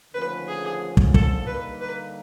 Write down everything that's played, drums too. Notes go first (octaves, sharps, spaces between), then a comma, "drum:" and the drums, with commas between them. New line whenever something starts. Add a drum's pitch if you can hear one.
D#2 D3 F3 A3 C#4 B4
G#4
drum: kick
A4, drum: kick
D3 G3 A#3 D#4 B4
B4